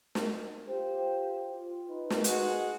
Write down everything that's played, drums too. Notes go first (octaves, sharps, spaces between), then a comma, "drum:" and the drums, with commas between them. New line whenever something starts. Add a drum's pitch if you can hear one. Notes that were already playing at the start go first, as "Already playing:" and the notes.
drum: snare
F4 G4 C5
F4
D#4 B4
drum: snare
G#3 F#4, drum: hi-hat